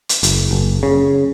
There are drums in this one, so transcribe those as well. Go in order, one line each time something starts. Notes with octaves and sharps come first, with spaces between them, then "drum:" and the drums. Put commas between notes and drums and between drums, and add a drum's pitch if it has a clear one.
drum: hi-hat
F#1, drum: hi-hat
F#1
C#3